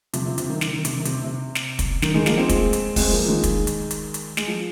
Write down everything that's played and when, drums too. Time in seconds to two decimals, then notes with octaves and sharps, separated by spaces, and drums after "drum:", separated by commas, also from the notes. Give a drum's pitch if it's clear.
0.13 C3 F3, drum: hi-hat
0.26 C3
0.38 C3, drum: hi-hat
0.49 D#3
0.61 D#3, drum: snare
0.73 D#3
0.85 C3, drum: hi-hat
0.96 D#3
1.05 C3, drum: hi-hat
1.24 C3
1.55 drum: snare
1.79 drum: kick, hi-hat
2.02 D#3, drum: snare
2.14 D#3 G#3
2.26 F3 A#3, drum: snare
2.37 G#3 C4
2.49 drum: kick, hi-hat
2.73 drum: hi-hat
2.96 G#3 C4, drum: kick, open hi-hat
3.12 F3 A#3
3.28 D#3 G#3
3.44 drum: kick, hi-hat
3.67 drum: hi-hat
3.91 drum: hi-hat
4.14 drum: hi-hat
4.37 G#3, drum: snare
4.48 F3